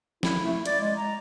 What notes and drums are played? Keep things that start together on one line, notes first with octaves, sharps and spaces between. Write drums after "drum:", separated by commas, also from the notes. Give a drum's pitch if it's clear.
E4, drum: snare
A3
D5, drum: hi-hat
G#3
A#5